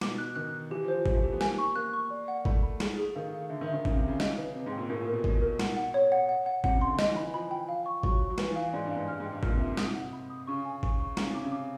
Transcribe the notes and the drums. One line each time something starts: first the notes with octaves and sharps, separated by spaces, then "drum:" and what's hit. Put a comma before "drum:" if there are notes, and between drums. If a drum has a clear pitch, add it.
B2 D6, drum: snare
F#6
D#3 F#6
F#6
E3 G4
F3
C5
F3
F3 C5, drum: kick G#1
A3
G4
B3
A#3 G#5, drum: snare
C#6
A#3 F#6
C#6
D5
F#5
A3 B5, drum: kick G#1
B5
G#4, drum: snare
G#4
D#3 F5
F5
D3 E5
D#3
E5
D#3
C#3 E5, drum: kick G#1
C3
C#3 E5
C#3 D#5, drum: snare
B4
C3 B4
G#2
G5
A#2
A2 A#4
A#2
A#4
B2
A#4, drum: kick G#1
A#4
F#5, drum: snare
F#5
C#5
F#5
F#5
F#5
C3 F#5, drum: kick G#1
C#3
C6
D3
D#5, drum: snare
E3
B5
E3
F3 B5
G5
F5
C#6
F#3 C#6, drum: kick G#1
C#6
F#3
E3 B4, drum: snare
E3
F5
G#2 D5
G2
F5
G#2
G2 F6
G#2
G5
G2
A#2 F6, drum: kick G#1
C3
E5
C3
C3 D#6, drum: snare
F#5
B5
D#6
C#3 C#6
G#5
C#6, drum: kick G#1
C#6
C#3 A#5, drum: snare
C3 D6
C#3
D6